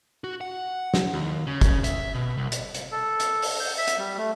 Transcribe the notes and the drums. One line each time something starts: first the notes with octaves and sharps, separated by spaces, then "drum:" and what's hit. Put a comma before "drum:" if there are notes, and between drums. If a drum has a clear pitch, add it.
F#4
F#5
drum: snare
D#2
C#3
drum: kick, hi-hat
E5, drum: hi-hat
B2
C2
drum: hi-hat
drum: hi-hat
A4
drum: hi-hat
drum: open hi-hat
G6
E5
drum: hi-hat
G3
A3